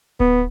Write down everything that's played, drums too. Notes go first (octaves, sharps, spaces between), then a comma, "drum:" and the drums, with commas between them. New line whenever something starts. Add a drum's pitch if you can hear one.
B3, drum: kick D1